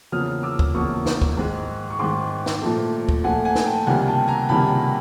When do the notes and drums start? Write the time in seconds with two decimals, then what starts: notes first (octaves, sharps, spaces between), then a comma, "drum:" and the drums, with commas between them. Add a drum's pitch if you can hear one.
0.12 E2 C#3 F3 A#3 D#6 F6
0.43 D6 E6
0.59 drum: kick
0.74 E2 C#3 F3 A#3 C#6 D#6
1.06 drum: snare
1.22 drum: kick
1.37 G#2 D#3 G#3
1.90 C#6
1.99 G#2 D#3 G#3 C6 D6
2.46 drum: snare
2.62 A#2 F3 A3
3.09 drum: kick
3.24 A#2 F3 A3 F#5 G#5
3.45 F#5 G#5
3.55 drum: snare
3.66 G5 A5
3.86 C#2 C3 D#3 G3 A#3 F#5 G#5
4.07 G5 A5
4.28 G#5 A#5
4.49 C#2 C3 D#3 G3 A#3 A5 B5